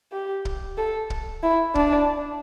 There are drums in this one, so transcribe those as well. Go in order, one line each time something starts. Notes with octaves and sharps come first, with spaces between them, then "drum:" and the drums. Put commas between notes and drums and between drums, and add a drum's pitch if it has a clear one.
G4
drum: kick
A4
drum: kick
E4
D4, drum: kick